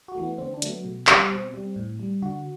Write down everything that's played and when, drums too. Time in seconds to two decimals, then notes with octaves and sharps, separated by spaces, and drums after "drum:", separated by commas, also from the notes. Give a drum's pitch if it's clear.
0.08 F#4
0.15 E3 A3
0.23 B3
0.38 D3 C4
0.54 D4
0.62 F#3 A3, drum: hi-hat
0.69 B3
0.85 B2
1.07 G3, drum: clap
1.30 B2 C4
1.54 G3
1.76 A2
1.99 G3
2.22 D3 F#4